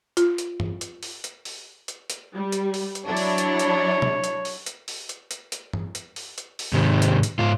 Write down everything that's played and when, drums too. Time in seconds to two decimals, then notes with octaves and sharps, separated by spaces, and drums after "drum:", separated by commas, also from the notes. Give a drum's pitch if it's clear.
0.17 F4, drum: hi-hat
0.38 drum: hi-hat
0.60 drum: tom G2
0.81 drum: hi-hat
1.03 drum: open hi-hat
1.24 drum: hi-hat
1.45 drum: open hi-hat
1.88 drum: hi-hat
2.10 drum: hi-hat
2.35 G3
2.52 drum: hi-hat
2.74 drum: open hi-hat
2.95 drum: hi-hat
3.05 F#3 D4 E4 C#5
3.17 drum: open hi-hat
3.38 drum: hi-hat
3.59 drum: hi-hat
4.02 drum: tom
4.24 drum: hi-hat
4.45 drum: open hi-hat
4.66 drum: hi-hat
4.88 drum: open hi-hat
5.09 drum: hi-hat
5.31 drum: hi-hat
5.52 drum: hi-hat
5.73 drum: tom G2
5.95 drum: hi-hat
6.16 drum: open hi-hat
6.38 drum: hi-hat
6.59 drum: open hi-hat
6.73 G#2 C3 D#3
7.02 drum: hi-hat
7.23 drum: hi-hat
7.39 G#2 F4